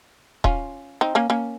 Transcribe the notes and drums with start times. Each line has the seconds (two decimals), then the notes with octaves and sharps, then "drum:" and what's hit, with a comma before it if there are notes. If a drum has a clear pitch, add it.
0.44 C#4 F4, drum: kick D#1
1.01 C4 D#4
1.15 A#3 C#4
1.30 A#3 C#4